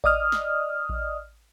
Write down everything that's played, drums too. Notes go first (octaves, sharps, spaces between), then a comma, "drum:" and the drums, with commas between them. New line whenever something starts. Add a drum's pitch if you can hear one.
D5 D#5 D#6 F6, drum: kick A1
drum: snare
drum: kick A1